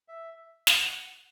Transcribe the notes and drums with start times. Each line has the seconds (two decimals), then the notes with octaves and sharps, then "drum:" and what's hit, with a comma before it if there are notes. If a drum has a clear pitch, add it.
0.08 E5
0.67 drum: snare
0.78 F#5